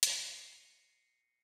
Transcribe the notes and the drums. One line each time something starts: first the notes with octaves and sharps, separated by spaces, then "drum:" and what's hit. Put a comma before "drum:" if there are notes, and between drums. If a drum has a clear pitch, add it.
drum: hi-hat
A#6 C7 C#7 D#7